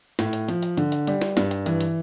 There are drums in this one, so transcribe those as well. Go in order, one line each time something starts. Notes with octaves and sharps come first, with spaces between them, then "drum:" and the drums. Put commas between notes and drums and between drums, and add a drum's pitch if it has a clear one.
A2, drum: snare
drum: hi-hat
F3, drum: hi-hat
drum: hi-hat
D3, drum: hi-hat
drum: hi-hat
G3, drum: hi-hat
drum: snare
G2, drum: snare
drum: hi-hat
E3, drum: hi-hat
drum: hi-hat